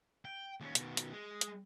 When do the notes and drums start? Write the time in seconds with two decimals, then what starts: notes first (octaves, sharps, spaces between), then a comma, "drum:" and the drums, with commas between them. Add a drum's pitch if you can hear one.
0.25 G5
0.60 D#2 C#4
0.75 B2 D#3, drum: hi-hat
0.97 drum: hi-hat
1.12 G#3
1.41 drum: hi-hat